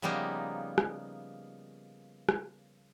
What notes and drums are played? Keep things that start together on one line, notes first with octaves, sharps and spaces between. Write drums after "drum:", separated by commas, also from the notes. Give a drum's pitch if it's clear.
C#3 F3 G3 A#3 B3 D#4
drum: rim click
drum: rim click